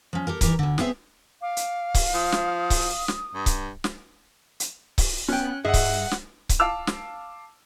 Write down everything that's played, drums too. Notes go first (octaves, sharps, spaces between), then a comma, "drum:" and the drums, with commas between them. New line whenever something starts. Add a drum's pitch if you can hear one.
F3 C#4
G4 A4 A#4
D#3 E3 G4 A#4 A#5, drum: kick C#1, hi-hat
D2 D3
B3 C4 G#4 E5, drum: snare
F5 D6
drum: hi-hat
drum: kick C#1, open hi-hat
F3 D#6
drum: snare
drum: kick C#1, open hi-hat
drum: snare
G2
drum: kick C#1, hi-hat
drum: snare
drum: hi-hat
drum: kick C#1, open hi-hat
B3 C#4 G5 F#6
G2 G#4 D#5 E5 F#5
drum: kick C#1, open hi-hat
drum: snare
drum: kick C#1, hi-hat
F5 A5 D6 E6 F7
drum: snare